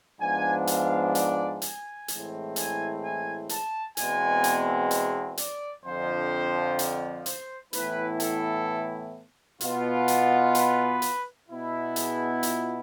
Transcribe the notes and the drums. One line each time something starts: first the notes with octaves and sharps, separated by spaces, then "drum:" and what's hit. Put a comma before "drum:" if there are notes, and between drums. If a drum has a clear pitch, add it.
G#2 F3 B3 D4 G#5
F5, drum: hi-hat
D5, drum: hi-hat
G#5, drum: hi-hat
A2 E3 G#3 C4, drum: hi-hat
G#5, drum: hi-hat
G#5
A5, drum: hi-hat
E2 B2 G#3 C4 G#5, drum: hi-hat
drum: hi-hat
drum: hi-hat
D5, drum: hi-hat
F2 D3 F3 C5
drum: hi-hat
C5, drum: hi-hat
A2 E3 B3 E4 B4, drum: hi-hat
A4, drum: hi-hat
B2 B3 F4, drum: hi-hat
drum: hi-hat
B4, drum: hi-hat
drum: hi-hat
B2 B3 E4
G#4, drum: hi-hat
F4, drum: hi-hat